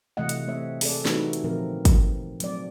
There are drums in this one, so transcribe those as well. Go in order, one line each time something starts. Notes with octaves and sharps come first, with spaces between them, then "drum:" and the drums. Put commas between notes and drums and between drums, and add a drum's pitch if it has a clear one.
C3 E3 G3 A3 D#5 F#5
drum: hi-hat
A3 C4 C#5 E5
C4 G#4 A4 D5, drum: open hi-hat
E3 G3 A3 D#4 F#4 B4, drum: snare
drum: hi-hat
A#2 D3 F3 C4 A#4
drum: kick, hi-hat
F#3 A3 C4 D5, drum: hi-hat